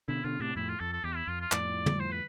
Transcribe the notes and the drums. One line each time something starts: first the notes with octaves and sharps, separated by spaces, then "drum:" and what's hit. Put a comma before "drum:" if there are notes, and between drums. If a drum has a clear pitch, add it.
B2 D3 E4
B2 D3 F4
A2 C3 D4
F2 A2 E4
F4
F2 A4
A4
E2 G4
E4
F2 F4
F4
F2 A2 D5, drum: clap
drum: tom
C5
B4